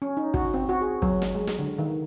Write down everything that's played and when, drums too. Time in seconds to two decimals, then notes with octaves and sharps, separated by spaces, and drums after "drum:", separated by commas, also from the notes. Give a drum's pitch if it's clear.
0.02 C#4
0.17 D#4
0.34 F#4, drum: kick
0.54 C4
0.69 F#4
0.81 G#4
1.02 F#3, drum: kick
1.22 drum: snare
1.35 G#3
1.47 drum: snare
1.59 D3
1.79 D#3